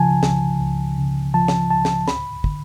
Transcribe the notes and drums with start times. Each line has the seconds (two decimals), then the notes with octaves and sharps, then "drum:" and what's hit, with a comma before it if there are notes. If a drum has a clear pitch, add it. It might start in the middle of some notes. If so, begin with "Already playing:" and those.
Already playing: C#2 C#3 F3 G#5 A5
0.23 C#2, drum: snare
0.60 C#2
0.98 C#3
1.34 F3 A5
1.48 drum: snare
1.71 C#2 A5
1.85 drum: snare
2.08 D2 B5, drum: snare
2.44 D3, drum: kick